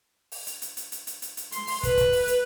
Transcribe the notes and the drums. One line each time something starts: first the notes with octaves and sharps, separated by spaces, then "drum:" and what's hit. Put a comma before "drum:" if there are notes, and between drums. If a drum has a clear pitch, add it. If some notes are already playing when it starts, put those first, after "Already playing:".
drum: open hi-hat
drum: hi-hat
drum: hi-hat
drum: hi-hat
drum: hi-hat
drum: hi-hat
drum: hi-hat
drum: hi-hat
C6, drum: hi-hat
drum: open hi-hat
B4, drum: kick, hi-hat
drum: kick, hi-hat
drum: open hi-hat
drum: hi-hat